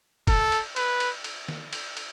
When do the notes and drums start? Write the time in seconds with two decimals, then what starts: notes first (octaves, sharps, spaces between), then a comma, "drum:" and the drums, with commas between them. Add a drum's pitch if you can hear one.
0.27 A4, drum: kick, cymbal
0.52 drum: cymbal
0.76 B4, drum: cymbal
1.00 drum: cymbal
1.24 drum: cymbal
1.48 drum: snare
1.73 drum: cymbal
1.97 drum: cymbal